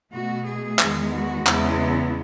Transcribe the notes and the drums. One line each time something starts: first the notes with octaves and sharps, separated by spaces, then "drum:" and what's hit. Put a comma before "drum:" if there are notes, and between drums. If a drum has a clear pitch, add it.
B2 A3 F#4
G#4
E2 D#3 G#3 B3, drum: clap
F#4
E2 C#3 G#3 B3 E4, drum: clap